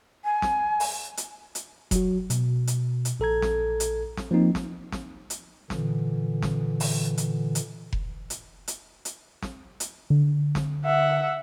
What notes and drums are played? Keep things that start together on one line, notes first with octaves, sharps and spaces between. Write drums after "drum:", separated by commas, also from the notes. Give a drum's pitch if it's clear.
G#5
drum: snare
drum: open hi-hat
drum: hi-hat
drum: hi-hat
F#3 F#4, drum: kick F1, hi-hat
B2, drum: hi-hat
drum: hi-hat
drum: hi-hat
A#1 A4 A#5 G#6
drum: snare
drum: hi-hat
drum: snare
F3 A#3 C4 D#4
drum: snare
drum: snare
drum: hi-hat
A#2 D3 E3, drum: snare
drum: snare
drum: open hi-hat
drum: hi-hat
drum: hi-hat
drum: kick F1
drum: hi-hat
drum: hi-hat
drum: hi-hat
drum: snare
drum: hi-hat
D3
drum: snare
E5 F#5